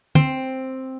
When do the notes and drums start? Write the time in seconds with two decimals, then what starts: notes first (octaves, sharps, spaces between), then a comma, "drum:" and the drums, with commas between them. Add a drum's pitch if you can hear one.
0.15 C4, drum: tom